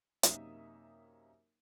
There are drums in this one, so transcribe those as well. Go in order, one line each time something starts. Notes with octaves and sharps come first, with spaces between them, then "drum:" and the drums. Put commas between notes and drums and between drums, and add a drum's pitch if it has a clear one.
F#2 C3 A#3 D#4 E5 D#6, drum: hi-hat